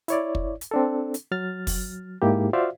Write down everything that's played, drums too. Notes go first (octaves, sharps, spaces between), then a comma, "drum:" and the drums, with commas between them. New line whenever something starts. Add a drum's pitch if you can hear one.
E4 C#5 D5, drum: hi-hat
drum: kick
drum: hi-hat
C4 D4 A4
drum: hi-hat
F#3 F6 A6
drum: kick, open hi-hat
G#2 A#3 E4 G4
F4 F#4 C5 D5 E5 F5